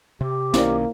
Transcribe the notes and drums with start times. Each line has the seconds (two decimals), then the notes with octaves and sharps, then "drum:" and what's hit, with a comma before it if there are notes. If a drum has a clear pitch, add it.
0.21 C3 G4
0.54 B1 D#3 A#3 C#4 E4 C5 D5, drum: snare